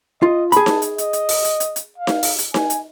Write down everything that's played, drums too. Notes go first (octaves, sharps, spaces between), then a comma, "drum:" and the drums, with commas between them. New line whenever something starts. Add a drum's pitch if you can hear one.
F4 D#5
G#4 A5 B5, drum: hi-hat
drum: snare D#4
drum: hi-hat
D#5, drum: hi-hat
drum: hi-hat
drum: open hi-hat
drum: hi-hat
drum: hi-hat
drum: hi-hat
F5
drum: snare D#4
drum: open hi-hat
drum: hi-hat
G#5, drum: snare D#4
drum: hi-hat